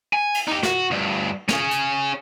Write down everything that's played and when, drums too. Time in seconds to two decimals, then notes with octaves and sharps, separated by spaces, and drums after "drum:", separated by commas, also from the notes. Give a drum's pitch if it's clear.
0.13 G#5
0.34 drum: cymbal
0.48 D#4 G4
0.63 F#4, drum: snare
0.91 D2 G2
1.49 C#4 G#4, drum: snare
1.71 drum: hi-hat